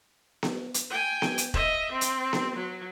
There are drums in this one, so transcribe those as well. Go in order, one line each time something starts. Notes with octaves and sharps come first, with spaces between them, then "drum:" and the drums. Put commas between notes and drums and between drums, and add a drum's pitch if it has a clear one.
drum: snare B3
drum: hi-hat
G5 G#5
drum: snare B3
drum: hi-hat
D#5 E5, drum: kick E1
C4
drum: hi-hat
drum: snare B3
F#3